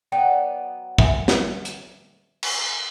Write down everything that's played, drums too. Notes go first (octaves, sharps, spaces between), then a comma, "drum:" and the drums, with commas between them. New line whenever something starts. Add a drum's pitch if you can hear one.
F#3 B3 D5 G5
E5 G#5, drum: kick
drum: snare
drum: hi-hat
drum: cymbal